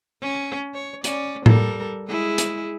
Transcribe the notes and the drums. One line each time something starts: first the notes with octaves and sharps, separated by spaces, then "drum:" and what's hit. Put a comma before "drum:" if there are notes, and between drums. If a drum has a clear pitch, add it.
C#4
C#5
C#4 D5, drum: hi-hat
G3 A4 A#4, drum: tom A2
G#3 E4 G#4
drum: hi-hat